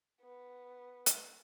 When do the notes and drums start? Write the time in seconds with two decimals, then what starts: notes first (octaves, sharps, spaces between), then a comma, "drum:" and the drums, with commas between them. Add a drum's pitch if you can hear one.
0.22 B3
1.06 drum: hi-hat